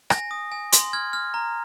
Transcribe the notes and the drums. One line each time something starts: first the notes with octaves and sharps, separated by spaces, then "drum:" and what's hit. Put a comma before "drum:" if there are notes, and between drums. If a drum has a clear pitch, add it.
G#5 A#6, drum: rim click
D#6
G#5
C6, drum: hi-hat
F6 G#6
F6
A#5